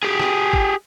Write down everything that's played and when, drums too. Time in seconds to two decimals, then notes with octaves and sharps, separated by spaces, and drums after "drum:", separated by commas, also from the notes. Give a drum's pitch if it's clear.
0.03 G4 G#4
0.20 drum: rim click
0.53 drum: kick G#1